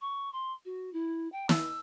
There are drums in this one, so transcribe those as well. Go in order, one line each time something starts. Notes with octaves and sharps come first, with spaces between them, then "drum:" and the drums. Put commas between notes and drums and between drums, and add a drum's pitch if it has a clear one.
C#6
C6
F#4
E4
G5
E6, drum: snare